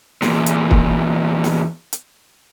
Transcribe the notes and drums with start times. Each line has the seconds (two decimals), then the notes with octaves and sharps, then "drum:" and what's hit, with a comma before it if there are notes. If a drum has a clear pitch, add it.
0.22 E2 A#2, drum: snare
0.46 drum: hi-hat
0.71 drum: kick
1.44 drum: snare
1.93 drum: hi-hat